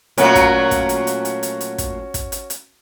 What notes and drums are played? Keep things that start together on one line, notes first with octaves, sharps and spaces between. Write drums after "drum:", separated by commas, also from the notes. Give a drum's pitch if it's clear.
A#2 F#3 A3 C#4 F#4, drum: hi-hat
drum: kick, hi-hat
drum: kick, hi-hat
drum: hi-hat
drum: hi-hat
drum: hi-hat
drum: hi-hat
drum: hi-hat
drum: kick, hi-hat
drum: kick, hi-hat
drum: hi-hat
drum: hi-hat